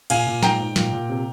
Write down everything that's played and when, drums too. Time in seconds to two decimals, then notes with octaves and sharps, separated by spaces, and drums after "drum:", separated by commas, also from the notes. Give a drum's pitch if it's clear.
0.10 A#2 F5 G#5, drum: cymbal
0.27 A#2
0.43 G#2 G5 A#5, drum: snare
0.60 G#2
0.76 A#2, drum: snare
0.93 A#2
1.09 C3